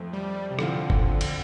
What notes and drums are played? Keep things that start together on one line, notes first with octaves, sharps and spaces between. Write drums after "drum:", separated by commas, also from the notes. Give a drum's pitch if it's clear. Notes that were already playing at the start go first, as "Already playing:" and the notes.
Already playing: F2 F3 A3 C4
G3
C3
A2 D3 F3 C4 F4, drum: rim click
drum: kick F#1
drum: cymbal